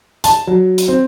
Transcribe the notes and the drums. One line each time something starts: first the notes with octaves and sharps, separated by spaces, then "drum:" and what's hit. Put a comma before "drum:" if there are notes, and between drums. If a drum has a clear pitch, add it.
A5, drum: hi-hat
F#3
drum: hi-hat
C4